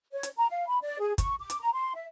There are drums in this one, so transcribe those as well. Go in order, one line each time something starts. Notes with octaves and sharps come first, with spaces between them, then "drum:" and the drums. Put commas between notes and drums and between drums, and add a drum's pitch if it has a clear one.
C#5
drum: hi-hat
A#5
F5
B5
D5
G#4
C#6, drum: kick, hi-hat
D6
drum: hi-hat
A#5
C6
E5